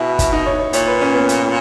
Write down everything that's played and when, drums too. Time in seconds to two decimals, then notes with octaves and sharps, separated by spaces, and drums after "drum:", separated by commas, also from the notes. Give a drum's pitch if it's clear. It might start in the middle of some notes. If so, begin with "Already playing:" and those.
Already playing: B2 E4 G#4
0.19 E4, drum: kick, hi-hat
0.33 D#4
0.46 C#5
0.59 C#5
0.73 A#2 C#5, drum: hi-hat
0.87 B4
1.01 C#4
1.15 B3
1.29 drum: hi-hat